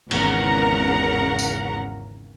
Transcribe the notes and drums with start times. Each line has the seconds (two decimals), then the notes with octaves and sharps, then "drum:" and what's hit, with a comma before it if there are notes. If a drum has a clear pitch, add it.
0.11 G#1 E2 C#3 A#4 F#5 A#5, drum: cymbal
1.39 drum: tambourine